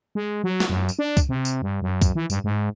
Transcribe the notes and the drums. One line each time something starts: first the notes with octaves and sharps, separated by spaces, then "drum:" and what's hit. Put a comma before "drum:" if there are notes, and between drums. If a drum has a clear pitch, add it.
G#3
F#3
drum: snare
F#2
drum: tambourine
D4
drum: kick, tambourine
C3
drum: tambourine
G2
F#2
drum: kick, tambourine
E3
G2, drum: tambourine
G#2